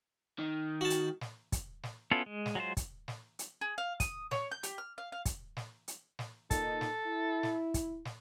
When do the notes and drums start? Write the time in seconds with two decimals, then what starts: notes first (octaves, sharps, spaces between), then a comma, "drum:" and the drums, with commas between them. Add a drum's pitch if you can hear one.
0.39 D#3
0.81 F#4 A5
0.90 drum: hi-hat
1.21 drum: snare
1.52 drum: kick, hi-hat
1.83 drum: snare
2.11 B3 C#4 E4 F4 A4
2.26 G#3
2.46 drum: snare
2.55 F#3 G#3 F4 C5
2.77 drum: kick, hi-hat
3.08 drum: snare
3.39 drum: hi-hat
3.61 G#4
3.78 F5
4.00 D#6, drum: kick, hi-hat
4.31 C#5, drum: snare
4.51 G6
4.63 G4, drum: hi-hat
4.78 F6
4.98 F5
5.12 F5
5.25 drum: kick, hi-hat
5.57 drum: snare
5.88 drum: hi-hat
6.19 drum: snare
6.51 A#2 D#4 A4, drum: kick, hi-hat
6.81 drum: snare
7.05 E4
7.43 drum: snare
7.74 drum: kick, hi-hat
8.05 drum: snare